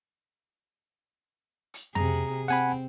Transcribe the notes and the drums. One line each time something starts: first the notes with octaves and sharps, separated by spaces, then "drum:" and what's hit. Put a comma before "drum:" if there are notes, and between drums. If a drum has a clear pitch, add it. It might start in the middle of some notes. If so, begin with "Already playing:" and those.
drum: hi-hat
C3 G#4 A#5, drum: tom F2
C4 F#5 G#5 B5, drum: hi-hat